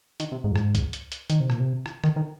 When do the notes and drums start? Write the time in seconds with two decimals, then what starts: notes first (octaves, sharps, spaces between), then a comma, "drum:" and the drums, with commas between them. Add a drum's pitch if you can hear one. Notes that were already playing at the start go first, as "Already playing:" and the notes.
0.20 D#3, drum: hi-hat
0.32 C3
0.44 G#2
0.52 F2
0.56 G#2, drum: rim click
0.75 drum: kick C2, hi-hat
0.93 drum: hi-hat
1.12 drum: hi-hat
1.30 D#3, drum: hi-hat
1.40 C3
1.50 A#2, drum: rim click
1.60 C3
1.86 drum: rim click
2.04 D#3, drum: rim click
2.16 D#3